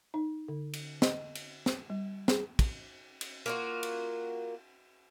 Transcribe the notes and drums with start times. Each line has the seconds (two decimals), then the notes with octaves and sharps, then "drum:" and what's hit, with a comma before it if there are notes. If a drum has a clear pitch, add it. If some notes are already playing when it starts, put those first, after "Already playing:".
0.14 D#4
0.48 D3
0.73 drum: cymbal
1.02 D#5, drum: snare
1.35 drum: cymbal
1.66 drum: snare
1.90 G3
2.28 G#4, drum: snare
2.59 drum: kick, cymbal
3.21 drum: cymbal
3.46 A#3 F4 F#4
3.83 drum: cymbal